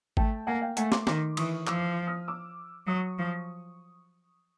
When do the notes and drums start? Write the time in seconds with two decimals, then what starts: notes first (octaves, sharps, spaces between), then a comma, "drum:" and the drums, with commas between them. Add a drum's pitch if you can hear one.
0.17 A3 G5 A5, drum: kick G#1
0.47 A#3 F#5 G#5
0.62 F5 G5
0.77 A3 F#5 G#5, drum: hi-hat
0.92 C6 D6, drum: snare
1.07 D#3 C6 D6, drum: snare
1.37 E3 C#6 D#6, drum: cymbal
1.67 F3 D6 E6, drum: clap
2.07 D#6 F6
2.28 D6 E6
2.87 F#3 C#6 D#6
3.18 F3